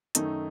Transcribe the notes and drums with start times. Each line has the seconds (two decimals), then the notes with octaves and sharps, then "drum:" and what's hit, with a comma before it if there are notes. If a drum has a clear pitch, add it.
0.15 F#2 D#3 A3 D#4, drum: hi-hat